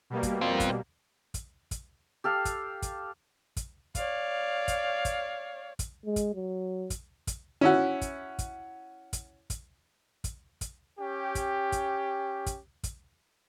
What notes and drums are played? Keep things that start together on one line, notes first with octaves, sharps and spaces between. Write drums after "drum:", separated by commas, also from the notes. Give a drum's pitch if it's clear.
B2 G3 A#3
drum: kick, hi-hat
C4 F4
drum: kick, hi-hat
drum: kick, hi-hat
drum: kick, hi-hat
G4 A4 F5
drum: kick, hi-hat
drum: kick, hi-hat
drum: kick, hi-hat
C#5 D5 F5, drum: kick, hi-hat
drum: kick, hi-hat
drum: kick, hi-hat
drum: kick, hi-hat
G#3
drum: kick, hi-hat
F#3
drum: kick, hi-hat
drum: kick, hi-hat
C#4 E4 F#4
drum: kick, hi-hat
drum: kick, hi-hat
drum: kick, hi-hat
drum: kick, hi-hat
drum: kick, hi-hat
drum: kick, hi-hat
C#4 G4
drum: kick, hi-hat
drum: kick, hi-hat
drum: kick, hi-hat
drum: kick, hi-hat